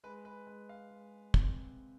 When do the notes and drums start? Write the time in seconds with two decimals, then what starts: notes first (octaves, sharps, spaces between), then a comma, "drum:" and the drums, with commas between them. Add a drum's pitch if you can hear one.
0.04 G#3 B4
0.25 B4
0.47 G#3 B4
0.69 F5
0.91 G#3
1.34 C3, drum: kick